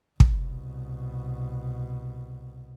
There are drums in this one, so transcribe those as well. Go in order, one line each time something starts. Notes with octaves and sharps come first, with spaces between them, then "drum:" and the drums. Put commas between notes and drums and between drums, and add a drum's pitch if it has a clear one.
C2 B2, drum: kick